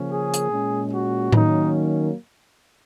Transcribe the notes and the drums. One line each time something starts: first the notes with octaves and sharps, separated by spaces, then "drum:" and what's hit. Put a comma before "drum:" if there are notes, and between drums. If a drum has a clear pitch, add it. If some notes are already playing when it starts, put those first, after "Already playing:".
Already playing: C#3 F3 A#3 C#4
G#4
drum: hi-hat
A#2 G#3 C#4
F#4
D#3 F#3 A#3 C#4 D#4, drum: tom A2